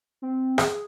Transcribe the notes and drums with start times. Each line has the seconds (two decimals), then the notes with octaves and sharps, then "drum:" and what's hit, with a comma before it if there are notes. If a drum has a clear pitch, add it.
0.22 C4
0.58 G#4, drum: rim click